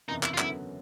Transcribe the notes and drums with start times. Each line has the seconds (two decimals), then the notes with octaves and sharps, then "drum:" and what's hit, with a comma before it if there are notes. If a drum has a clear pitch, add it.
0.09 F#1 E2 C3 D#4
0.23 E4, drum: clap
0.34 F4
0.38 F#2 D3 F#3 B3 E4, drum: clap